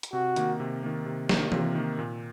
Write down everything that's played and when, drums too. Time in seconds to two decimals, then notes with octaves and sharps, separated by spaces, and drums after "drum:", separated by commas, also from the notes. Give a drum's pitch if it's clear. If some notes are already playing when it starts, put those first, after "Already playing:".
0.03 drum: hi-hat
0.13 C3 F#4
0.36 D#3 A#3, drum: hi-hat
0.60 C3
0.83 D#3 A#3
1.06 C3
1.29 D#3 A#3, drum: snare
1.52 C3 F4, drum: tom E3
1.75 D#3 A#3
1.99 A#2